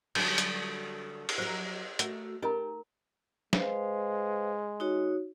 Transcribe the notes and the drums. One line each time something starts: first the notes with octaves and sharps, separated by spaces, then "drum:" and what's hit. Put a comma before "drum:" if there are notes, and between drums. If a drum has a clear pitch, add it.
D3 F#3 G3, drum: cymbal
drum: hi-hat
drum: cymbal
F#3 A#4 C5
A3 F#4 A#4, drum: hi-hat
D#4 G4 A#4 A#5
G#3 B4 C5 F5, drum: snare
D#4 F#4 C#5